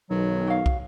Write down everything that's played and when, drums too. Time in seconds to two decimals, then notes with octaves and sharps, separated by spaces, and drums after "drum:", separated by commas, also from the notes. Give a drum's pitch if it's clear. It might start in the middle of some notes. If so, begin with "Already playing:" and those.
0.11 B1 D#3 F#3
0.47 F#4 F5
0.66 drum: kick